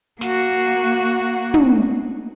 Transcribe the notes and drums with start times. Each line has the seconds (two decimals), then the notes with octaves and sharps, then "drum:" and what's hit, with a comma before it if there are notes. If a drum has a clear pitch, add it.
0.21 A#3 F#4, drum: snare
1.54 drum: tom